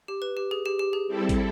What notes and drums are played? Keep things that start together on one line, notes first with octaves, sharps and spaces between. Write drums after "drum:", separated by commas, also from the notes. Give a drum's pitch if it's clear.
G4
B4
G4
G#4
G4
G4
G#4
G3 C4 E4 A4
drum: kick, hi-hat